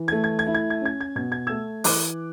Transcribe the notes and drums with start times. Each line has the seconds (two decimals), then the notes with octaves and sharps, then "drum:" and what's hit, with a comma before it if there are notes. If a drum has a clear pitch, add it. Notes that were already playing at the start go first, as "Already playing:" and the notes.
Already playing: E3
0.08 G#6
0.12 A3
0.24 G#6
0.39 G#6
0.47 E4
0.55 G#6
0.70 G#6
0.81 C#4 G#6
1.01 G#6
1.16 B2 G#6
1.32 G#6
1.47 A3 E6 G#6
1.84 E3 D6 F#6, drum: open hi-hat